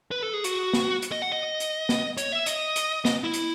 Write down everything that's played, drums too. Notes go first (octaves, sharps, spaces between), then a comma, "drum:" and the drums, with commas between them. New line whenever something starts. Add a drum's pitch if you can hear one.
B4
A4
G#4
F#4, drum: hi-hat
drum: snare
drum: hi-hat
D#5
F#5
D#5
drum: hi-hat
drum: snare
C#5, drum: hi-hat
E5
D#5, drum: hi-hat
drum: hi-hat
D#5, drum: snare
E4
drum: hi-hat